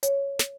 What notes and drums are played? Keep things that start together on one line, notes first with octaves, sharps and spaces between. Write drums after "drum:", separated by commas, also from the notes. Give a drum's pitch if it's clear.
C#5, drum: hi-hat
drum: snare